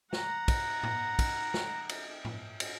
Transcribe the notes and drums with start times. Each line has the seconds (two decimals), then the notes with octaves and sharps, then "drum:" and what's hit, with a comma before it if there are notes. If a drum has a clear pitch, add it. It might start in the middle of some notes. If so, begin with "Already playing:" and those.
0.13 F#5 A#5, drum: snare
0.48 drum: kick, cymbal
0.83 drum: tom A2
1.19 drum: kick, cymbal
1.54 drum: snare
1.89 drum: cymbal
2.25 drum: tom A2
2.60 drum: cymbal